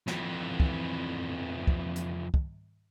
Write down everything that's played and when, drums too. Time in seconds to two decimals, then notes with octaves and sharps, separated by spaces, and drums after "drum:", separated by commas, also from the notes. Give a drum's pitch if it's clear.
0.07 F2 E3, drum: snare
0.60 drum: kick
1.67 drum: kick
1.96 drum: hi-hat
2.34 drum: kick